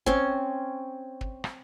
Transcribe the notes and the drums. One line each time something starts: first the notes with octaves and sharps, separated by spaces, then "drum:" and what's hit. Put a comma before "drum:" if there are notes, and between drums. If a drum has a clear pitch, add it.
C4 C#4, drum: kick
drum: kick
drum: rim click